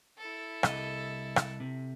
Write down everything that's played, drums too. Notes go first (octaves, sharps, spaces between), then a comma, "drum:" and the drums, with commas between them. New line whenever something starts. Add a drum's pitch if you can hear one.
E4 A4
C2 D#5, drum: rim click
drum: rim click
C3